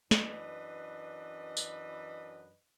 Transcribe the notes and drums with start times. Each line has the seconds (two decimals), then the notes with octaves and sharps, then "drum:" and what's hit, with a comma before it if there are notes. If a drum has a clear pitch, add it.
0.11 F#2 E3 D4 B4 D#5, drum: snare
1.57 drum: tambourine